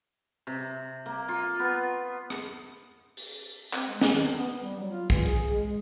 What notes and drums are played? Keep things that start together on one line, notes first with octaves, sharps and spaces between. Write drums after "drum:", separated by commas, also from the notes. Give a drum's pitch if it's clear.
C3
A#3
F4
B3
drum: rim click
drum: open hi-hat
C4, drum: clap
G#3
D#3, drum: snare
C4
B3
B3
G3
F#3
F4
E3, drum: kick
G#4, drum: hi-hat
G#3